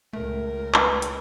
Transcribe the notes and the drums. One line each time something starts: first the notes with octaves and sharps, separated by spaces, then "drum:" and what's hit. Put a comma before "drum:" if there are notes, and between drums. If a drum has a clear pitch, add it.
C#2 A3 A#4
B4, drum: clap
drum: hi-hat